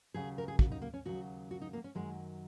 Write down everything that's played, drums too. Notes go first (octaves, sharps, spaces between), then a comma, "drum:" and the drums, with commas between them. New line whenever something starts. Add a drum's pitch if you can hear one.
D#2 C#3 F#3 G#4
A#4
G#4
F#4, drum: kick
D#4
A#3
C#4
D#2 C#3 F#3 F#4
F#4
D#4
A#3
C#4
F#2 D#3 F#3 G#3